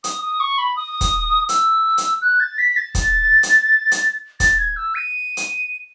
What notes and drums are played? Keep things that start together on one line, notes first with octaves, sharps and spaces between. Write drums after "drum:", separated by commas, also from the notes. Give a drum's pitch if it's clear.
D#6, drum: hi-hat
D#6
C#6
B5
D#6
drum: kick, hi-hat
E6, drum: hi-hat
drum: hi-hat
F#6
A6
B6
A6
drum: kick, hi-hat
drum: hi-hat
drum: hi-hat
A6, drum: kick, hi-hat
G#6
E6
D#7
drum: hi-hat